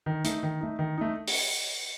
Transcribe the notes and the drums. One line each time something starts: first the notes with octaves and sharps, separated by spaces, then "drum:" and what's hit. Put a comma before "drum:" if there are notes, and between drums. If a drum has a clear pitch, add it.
D#3
A3 D#4, drum: hi-hat
D#3
A3 D#4
D#3
A3 D#4
drum: open hi-hat